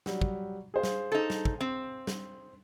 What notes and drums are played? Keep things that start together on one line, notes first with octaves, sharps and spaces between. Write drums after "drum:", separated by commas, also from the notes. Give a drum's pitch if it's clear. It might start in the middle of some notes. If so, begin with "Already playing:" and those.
F#3 G3, drum: snare
drum: kick
G#4 C5 F5
drum: snare
D#4 A4
drum: snare
drum: kick
C4
drum: snare